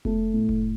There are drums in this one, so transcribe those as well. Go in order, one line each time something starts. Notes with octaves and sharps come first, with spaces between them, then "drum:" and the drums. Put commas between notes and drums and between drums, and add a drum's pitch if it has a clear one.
A3, drum: kick F1
A2
drum: kick F1